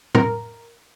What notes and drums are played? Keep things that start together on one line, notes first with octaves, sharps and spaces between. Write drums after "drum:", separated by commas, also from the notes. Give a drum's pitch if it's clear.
A#4, drum: tom